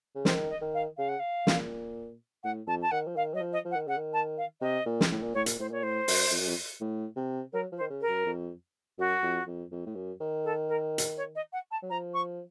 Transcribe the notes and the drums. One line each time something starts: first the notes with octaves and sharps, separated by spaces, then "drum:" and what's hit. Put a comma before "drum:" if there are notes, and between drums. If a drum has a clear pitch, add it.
C#3
D#3 C5, drum: snare
D#5
D#3
F5
C#3 F5
F#5
F5
A#2, drum: snare
A2 F#5
F2 A5
A5
D#3 F#5
F3
D#3 F5
F#3 D#5
F3
D#5
F3
F#5
D#3
C#3 F#5
D#3
A5
F5
C3 D#5
A#2
drum: snare
A2
A#2
A2 C#5
A#2, drum: hi-hat
A2 C5
A#2 C#5
A2 C5
F#2, drum: open hi-hat
F2
F#2
F2
A2
C3
F#3 A#4
F3
C5
D#3
C#3
A#4
F#2
F2
F#2 F#4
F2
F2
F2
A2
F#2
D#3
A4
A#4
drum: hi-hat
C#5
D#5
F#5
A5
F#3
F3 A#5
C#6